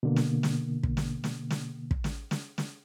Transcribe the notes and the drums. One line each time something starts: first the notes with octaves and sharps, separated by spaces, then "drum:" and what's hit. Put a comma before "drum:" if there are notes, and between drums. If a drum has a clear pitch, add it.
B2 D3 A#3
drum: snare
drum: snare
drum: kick
drum: snare
drum: snare
drum: snare
drum: kick
drum: snare
drum: snare
drum: snare